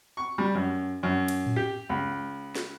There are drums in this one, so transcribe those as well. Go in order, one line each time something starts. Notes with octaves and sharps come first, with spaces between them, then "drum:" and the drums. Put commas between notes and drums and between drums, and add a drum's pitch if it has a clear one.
C#6
G3
F#2
F#2
drum: cymbal
drum: tom A2
G4
C#2
drum: snare